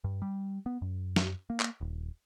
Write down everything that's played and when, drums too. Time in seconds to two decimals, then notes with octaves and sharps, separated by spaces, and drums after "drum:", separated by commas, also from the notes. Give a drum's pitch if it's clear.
0.04 G2
0.22 G3
0.66 B3
0.82 F#2
1.16 drum: snare
1.50 A#3
1.60 drum: clap
1.81 D#1